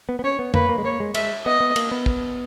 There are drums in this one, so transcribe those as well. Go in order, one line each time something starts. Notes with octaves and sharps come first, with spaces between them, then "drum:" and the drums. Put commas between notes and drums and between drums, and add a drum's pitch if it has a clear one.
B3
B3
C#4 C#5
B3
A#3 B4, drum: tom F2
A#3
G#3
A#3 C#5
G#3
G#3 E5, drum: cymbal
B3 D#5
B3
A#3, drum: cymbal
B3
drum: kick